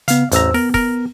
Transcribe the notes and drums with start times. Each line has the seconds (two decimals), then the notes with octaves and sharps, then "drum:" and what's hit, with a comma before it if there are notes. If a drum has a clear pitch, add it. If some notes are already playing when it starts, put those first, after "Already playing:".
0.08 C#3 B3 F5, drum: hi-hat
0.32 A1 E2 C5 A#5 E6, drum: hi-hat
0.54 B3 A#4, drum: open hi-hat
0.74 A#4, drum: kick, open hi-hat